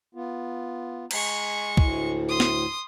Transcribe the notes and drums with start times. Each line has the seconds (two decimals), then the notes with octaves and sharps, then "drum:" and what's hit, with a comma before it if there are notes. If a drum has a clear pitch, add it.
0.15 B3 F4
1.11 G#3 A#5 C#6, drum: cymbal
1.77 D2 A2, drum: kick
2.29 C6 D#6
2.40 drum: snare